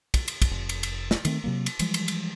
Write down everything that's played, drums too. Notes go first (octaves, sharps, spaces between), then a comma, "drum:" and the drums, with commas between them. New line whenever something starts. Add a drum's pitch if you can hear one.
drum: kick, cymbal
drum: cymbal
drum: kick, cymbal
F1
drum: cymbal
drum: cymbal
drum: snare
D#3 A3 C4, drum: cymbal
C3 F#3 A#3
drum: cymbal
E3 F3 G3 G#3, drum: cymbal
drum: cymbal
drum: cymbal